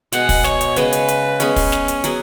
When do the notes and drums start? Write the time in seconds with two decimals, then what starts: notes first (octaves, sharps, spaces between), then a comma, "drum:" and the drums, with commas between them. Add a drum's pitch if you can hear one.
0.12 B2 G#3 B3 G#4 F#5, drum: hi-hat
0.29 drum: kick, open hi-hat
0.44 C#5, drum: snare
0.61 drum: hi-hat
0.76 C#3 G#3 B3 B4, drum: hi-hat
0.93 drum: hi-hat
1.08 drum: hi-hat
1.40 G#3 B3 C#4 G#4, drum: hi-hat
1.56 drum: kick, open hi-hat
1.72 drum: snare
1.88 drum: hi-hat
2.04 F#3 B3 G#4, drum: hi-hat